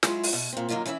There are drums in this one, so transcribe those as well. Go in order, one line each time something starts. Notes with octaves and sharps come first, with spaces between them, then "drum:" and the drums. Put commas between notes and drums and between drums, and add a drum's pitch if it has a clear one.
F#3 G#3 E4 F4 G#4, drum: snare
drum: open hi-hat
B2
A#2 C4
F#2 D#3 F#3 A#3 D#4 F4
E3 C#4 E4 E5